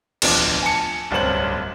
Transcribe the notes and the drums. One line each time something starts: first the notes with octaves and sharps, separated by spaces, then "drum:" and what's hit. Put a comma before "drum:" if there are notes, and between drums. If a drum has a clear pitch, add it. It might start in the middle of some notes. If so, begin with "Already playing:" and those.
D1 B1 E2 F3 D4 D5, drum: cymbal
G#5 A5 C#7
D1 C2 G2 C#4 C5 F#7